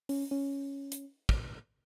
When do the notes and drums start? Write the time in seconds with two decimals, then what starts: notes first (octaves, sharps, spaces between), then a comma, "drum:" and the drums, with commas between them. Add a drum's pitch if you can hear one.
0.09 C#4, drum: open hi-hat
0.31 C#4
0.92 drum: hi-hat
1.29 drum: kick